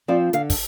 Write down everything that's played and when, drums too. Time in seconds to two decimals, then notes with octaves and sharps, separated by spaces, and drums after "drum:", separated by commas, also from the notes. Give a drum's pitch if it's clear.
0.08 F3 C4 D5
0.33 D3 F5, drum: hi-hat
0.50 drum: kick, open hi-hat